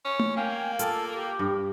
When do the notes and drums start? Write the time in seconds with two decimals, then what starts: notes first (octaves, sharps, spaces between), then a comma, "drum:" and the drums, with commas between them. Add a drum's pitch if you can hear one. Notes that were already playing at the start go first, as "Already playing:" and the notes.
0.05 C#4
0.19 drum: tom A3
0.37 A#3 F5 G5 G#5
0.79 F4 A4 D5, drum: hi-hat
1.16 G4
1.39 G2